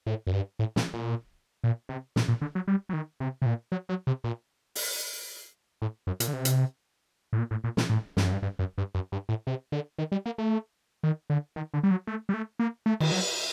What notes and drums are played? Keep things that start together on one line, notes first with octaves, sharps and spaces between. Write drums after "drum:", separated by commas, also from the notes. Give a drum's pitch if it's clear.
A2
F#2
G2
A2
A#2, drum: snare
A#2
A#2
C3
A#2, drum: snare
A#2
D3
F#3
G3
F#3
D#3
C3
C3
A#2
F#3
F#3
C3
A#2
drum: open hi-hat
A2
F#2
A#2, drum: hi-hat
D3
C3
drum: hi-hat
A2
A#2
A2
A#2
A#2, drum: snare
A2
G2, drum: snare
F#2
G2
G2
F#2
G2
F#2
G2
A2
C3
D3
D#3
G3
A#3
A3
D#3
D3
D#3
D3
G3
F#3
A3
G3
A3
A#3
A3
D#3, drum: cymbal
F#3